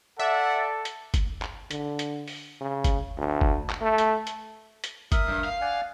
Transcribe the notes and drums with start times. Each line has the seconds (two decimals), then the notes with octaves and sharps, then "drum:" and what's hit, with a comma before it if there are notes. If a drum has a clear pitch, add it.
0.19 A4 D5 E5 F#5
0.85 drum: hi-hat
1.14 drum: kick F#1, hi-hat
1.42 drum: clap
1.71 D3, drum: hi-hat
1.99 drum: hi-hat
2.28 drum: open hi-hat
2.61 C#3
2.84 drum: kick F#1, hi-hat
3.18 D2
3.41 drum: kick F#1
3.70 drum: clap
3.81 A3
3.98 drum: hi-hat
4.27 drum: hi-hat
4.84 drum: hi-hat
5.12 A#4 E5 D#6, drum: kick F#1, hi-hat
5.28 G2
5.44 F5
5.61 D5 F#5 G#5